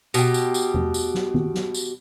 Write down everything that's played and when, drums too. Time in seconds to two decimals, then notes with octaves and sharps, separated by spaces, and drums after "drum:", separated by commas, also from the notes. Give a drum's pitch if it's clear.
0.14 B2 G4, drum: tambourine
0.34 drum: tambourine
0.54 drum: tambourine
0.74 drum: tom E2
0.94 drum: tambourine
1.14 drum: snare
1.34 drum: tom D#3
1.54 drum: snare
1.74 drum: tambourine